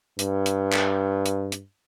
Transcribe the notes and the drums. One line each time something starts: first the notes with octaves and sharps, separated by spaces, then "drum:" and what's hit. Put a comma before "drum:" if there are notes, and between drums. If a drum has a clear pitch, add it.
G2, drum: hi-hat
drum: hi-hat
drum: clap
drum: hi-hat
drum: hi-hat